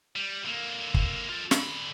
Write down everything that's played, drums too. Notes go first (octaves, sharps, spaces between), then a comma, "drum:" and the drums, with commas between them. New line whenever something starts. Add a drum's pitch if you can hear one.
G3
D3 A#3
drum: kick
F4 A4
D3 B5, drum: snare